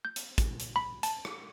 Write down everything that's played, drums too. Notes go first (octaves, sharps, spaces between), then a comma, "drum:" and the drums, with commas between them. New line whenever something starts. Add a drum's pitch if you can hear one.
G6
drum: hi-hat
drum: kick, hi-hat
drum: hi-hat
B5
A5, drum: hi-hat
drum: rim click